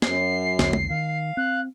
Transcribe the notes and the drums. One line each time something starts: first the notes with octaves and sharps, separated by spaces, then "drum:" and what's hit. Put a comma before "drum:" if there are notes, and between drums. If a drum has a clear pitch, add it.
F#2 C7, drum: snare
B1 E2 D3, drum: snare
drum: tom
D#3 F5
C4 F#6